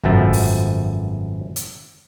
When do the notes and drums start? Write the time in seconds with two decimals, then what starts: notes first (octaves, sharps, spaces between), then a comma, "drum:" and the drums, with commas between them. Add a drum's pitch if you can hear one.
0.03 G#1 F#2 B2 F3 A3, drum: kick
0.33 drum: open hi-hat
1.56 drum: hi-hat